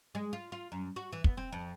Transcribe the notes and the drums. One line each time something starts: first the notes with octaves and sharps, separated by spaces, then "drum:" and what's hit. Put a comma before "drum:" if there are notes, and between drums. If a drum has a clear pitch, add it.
G#3
F4
F4
F#2
F#4
E3
B3, drum: kick
C4
F2